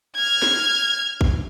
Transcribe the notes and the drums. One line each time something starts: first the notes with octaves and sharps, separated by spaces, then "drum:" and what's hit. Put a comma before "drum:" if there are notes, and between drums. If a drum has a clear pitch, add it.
F6 G#6
drum: snare
drum: kick A#1